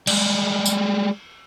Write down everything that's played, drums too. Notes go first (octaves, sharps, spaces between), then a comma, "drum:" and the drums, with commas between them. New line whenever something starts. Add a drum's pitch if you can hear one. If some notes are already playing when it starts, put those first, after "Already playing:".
G3 G#3, drum: cymbal
drum: tambourine